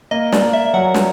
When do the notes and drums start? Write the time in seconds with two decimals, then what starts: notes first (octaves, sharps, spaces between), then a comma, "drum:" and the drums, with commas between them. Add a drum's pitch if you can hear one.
0.11 A#3 D#5
0.32 D5, drum: snare
0.42 A#3
0.53 E5
0.73 F#3 F#5
0.94 drum: snare